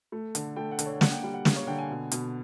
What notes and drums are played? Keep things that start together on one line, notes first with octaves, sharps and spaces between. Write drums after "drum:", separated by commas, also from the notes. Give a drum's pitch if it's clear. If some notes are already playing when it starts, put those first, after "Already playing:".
A3
D3, drum: hi-hat
A3 G5
F#5
D3, drum: hi-hat
C#5
A#3 F#5, drum: snare
G5
G3 G5
F#5
A#3 F5, drum: snare
C#5
D3 G5
G#5
B2
B2, drum: hi-hat